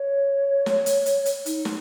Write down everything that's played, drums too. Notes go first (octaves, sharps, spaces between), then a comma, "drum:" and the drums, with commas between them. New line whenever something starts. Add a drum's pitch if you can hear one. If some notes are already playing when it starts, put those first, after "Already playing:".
Already playing: C#5
drum: snare
drum: hi-hat
drum: hi-hat
drum: hi-hat
D#4, drum: hi-hat
drum: snare